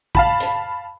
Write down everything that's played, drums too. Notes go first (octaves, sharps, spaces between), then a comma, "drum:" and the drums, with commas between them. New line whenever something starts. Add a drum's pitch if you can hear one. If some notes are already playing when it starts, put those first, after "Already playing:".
F5 A5 B5, drum: kick
drum: hi-hat